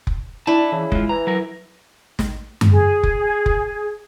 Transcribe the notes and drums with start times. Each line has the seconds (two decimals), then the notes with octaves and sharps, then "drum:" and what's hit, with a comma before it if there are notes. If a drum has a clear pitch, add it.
0.07 drum: kick F1
0.47 D4 E4 E5 A5
0.72 C#3 E3
0.92 G#3 F4, drum: kick F1
1.09 E3 A#5
1.27 F#3 A#4
2.19 drum: snare
2.61 drum: tom F#2
2.72 G#4
3.03 drum: kick F1
3.46 drum: kick F1